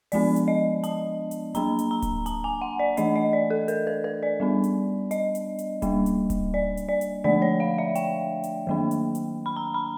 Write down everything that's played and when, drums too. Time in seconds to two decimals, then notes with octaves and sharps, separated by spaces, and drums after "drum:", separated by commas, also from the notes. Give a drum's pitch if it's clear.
0.12 F3 G#3 B3 D4 D5, drum: open hi-hat
0.36 drum: hi-hat
0.48 D#5
0.84 A5, drum: hi-hat
1.31 drum: hi-hat
1.55 F#3 A#3 D4 A#5, drum: hi-hat
1.79 drum: hi-hat
1.91 A#5
2.02 drum: kick D1, hi-hat
2.26 A5, drum: hi-hat
2.44 G#5
2.61 F#5
2.79 D5
2.97 E3 A3 D4 D#5, drum: hi-hat
3.16 D#5
3.33 D5
3.50 A4
3.68 A#4, drum: hi-hat
3.87 B4
4.04 B4
4.23 D5
4.40 G3 B3 D4
4.64 drum: hi-hat
5.11 D#5, drum: hi-hat
5.35 drum: hi-hat
5.59 drum: hi-hat
5.82 G3 A#3 D4, drum: kick D1, hi-hat
6.06 drum: hi-hat
6.30 drum: kick D1, hi-hat
6.54 D5
6.77 drum: hi-hat
6.89 D5
7.01 drum: hi-hat
7.24 D3 F3 A3 D4 D5
7.42 C#5
7.60 F5
7.78 E5
7.95 G5, drum: hi-hat
8.44 drum: hi-hat
8.67 D#3 F#3 A#3 D4
8.91 drum: hi-hat
9.15 drum: hi-hat
9.46 B5
9.56 A#5
9.74 B5